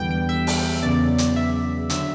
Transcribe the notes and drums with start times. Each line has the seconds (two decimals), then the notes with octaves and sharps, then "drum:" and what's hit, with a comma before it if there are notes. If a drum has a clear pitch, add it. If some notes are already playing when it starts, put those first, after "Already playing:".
Already playing: E2 D3 G3 B3 G5
0.11 G5
0.29 E5
0.47 drum: open hi-hat
0.83 E2 C#3 F#3 B3 D5
1.18 drum: hi-hat
1.36 E5
1.90 D3 F#3 E5, drum: hi-hat